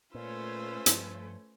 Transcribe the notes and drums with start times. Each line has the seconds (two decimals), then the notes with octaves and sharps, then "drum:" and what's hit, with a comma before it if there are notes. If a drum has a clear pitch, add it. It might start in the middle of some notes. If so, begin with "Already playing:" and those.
0.15 A#2 A3 C#4 F4 B4 C5 E6
0.86 G2 F3, drum: hi-hat